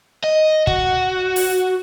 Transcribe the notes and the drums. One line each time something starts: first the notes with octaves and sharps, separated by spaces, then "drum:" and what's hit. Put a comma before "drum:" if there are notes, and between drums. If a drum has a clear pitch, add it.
D#5
F#4, drum: kick
drum: open hi-hat